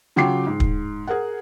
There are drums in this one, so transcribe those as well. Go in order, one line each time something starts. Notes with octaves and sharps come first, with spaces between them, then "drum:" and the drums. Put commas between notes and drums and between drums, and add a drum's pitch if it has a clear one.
C#3 F#3 F4 G5 D6 C7
G#2
drum: kick
G#4 A#4 F#5